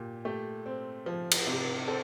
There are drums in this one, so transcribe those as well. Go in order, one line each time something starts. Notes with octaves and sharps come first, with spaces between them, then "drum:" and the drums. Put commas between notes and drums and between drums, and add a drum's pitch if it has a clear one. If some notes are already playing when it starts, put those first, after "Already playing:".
Already playing: A#2 G4
A3 G4
C4
F3
drum: cymbal
C3
C4 A4